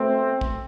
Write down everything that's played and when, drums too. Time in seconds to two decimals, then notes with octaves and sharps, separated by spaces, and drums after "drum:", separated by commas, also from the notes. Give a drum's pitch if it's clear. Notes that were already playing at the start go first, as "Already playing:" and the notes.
Already playing: B2 A3 C4
0.41 drum: kick